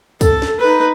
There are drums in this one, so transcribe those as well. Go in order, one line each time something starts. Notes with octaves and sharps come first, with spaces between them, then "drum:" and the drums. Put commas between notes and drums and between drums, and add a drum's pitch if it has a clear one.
A4, drum: kick, tambourine
drum: snare
D#4 B4